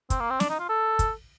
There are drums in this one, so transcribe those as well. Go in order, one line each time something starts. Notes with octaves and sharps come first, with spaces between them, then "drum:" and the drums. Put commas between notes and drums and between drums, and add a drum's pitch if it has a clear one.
C4, drum: kick, hi-hat
A#3
C4
D4, drum: snare
D#4
F4
A4
drum: kick, hi-hat